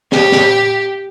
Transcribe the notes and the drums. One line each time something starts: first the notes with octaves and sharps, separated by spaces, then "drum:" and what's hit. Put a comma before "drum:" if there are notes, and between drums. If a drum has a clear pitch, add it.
G4, drum: snare
drum: snare